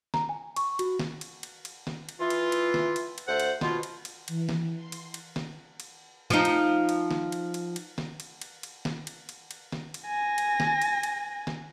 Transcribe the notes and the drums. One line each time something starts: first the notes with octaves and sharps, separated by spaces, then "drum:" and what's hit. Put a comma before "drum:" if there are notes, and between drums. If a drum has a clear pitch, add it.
A#5, drum: snare
G#5
C#6, drum: cymbal
F#4, drum: cymbal
drum: snare
drum: cymbal
drum: cymbal
drum: cymbal
drum: snare
drum: cymbal
E3 F4
drum: cymbal
drum: cymbal
drum: snare
drum: cymbal
drum: cymbal
D2 A3 C5 F#5
drum: cymbal
B2 F4, drum: snare
drum: cymbal
drum: cymbal
E3, drum: cymbal
drum: snare
C6
drum: cymbal
drum: cymbal
drum: snare
drum: cymbal
F3 D#4
drum: cymbal
drum: cymbal
drum: snare
drum: cymbal
drum: cymbal
drum: cymbal
drum: snare
drum: cymbal
drum: cymbal
drum: cymbal
drum: snare
drum: cymbal
drum: cymbal
drum: cymbal
drum: snare
drum: cymbal
G#5 A#6
drum: cymbal
drum: snare
drum: cymbal
drum: cymbal
drum: snare